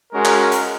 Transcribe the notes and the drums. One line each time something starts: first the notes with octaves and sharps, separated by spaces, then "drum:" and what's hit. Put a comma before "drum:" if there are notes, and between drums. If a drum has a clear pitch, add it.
G#3 C#4 F#4 A#4
drum: clap
drum: hi-hat